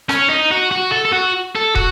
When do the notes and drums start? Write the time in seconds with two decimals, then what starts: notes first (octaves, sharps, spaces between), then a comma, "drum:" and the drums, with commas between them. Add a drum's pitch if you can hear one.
0.09 C#4, drum: rim click
0.30 D#4
0.51 F#4
0.72 F#4
0.92 A4
1.05 A4
1.13 F#4
1.55 A4
1.75 F#4, drum: kick